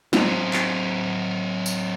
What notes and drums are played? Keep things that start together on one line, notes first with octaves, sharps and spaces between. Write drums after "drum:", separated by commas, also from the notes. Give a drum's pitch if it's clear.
F#3 C4, drum: snare
drum: clap
drum: tambourine